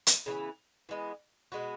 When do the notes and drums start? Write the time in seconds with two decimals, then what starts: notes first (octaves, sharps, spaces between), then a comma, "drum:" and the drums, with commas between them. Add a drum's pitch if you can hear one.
0.07 drum: hi-hat
0.26 C#3 E3 B3
0.89 E3 G#3 B3
1.52 B2 G#3 B3 F#4